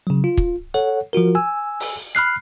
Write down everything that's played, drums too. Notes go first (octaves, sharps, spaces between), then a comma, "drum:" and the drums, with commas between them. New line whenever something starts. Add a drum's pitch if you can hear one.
C#3 F#3
F4
drum: kick
A4 C#5 F#5
F3 F4 F#4 A#4
G#5 E6
drum: open hi-hat
B5 F6 F#6 C7, drum: hi-hat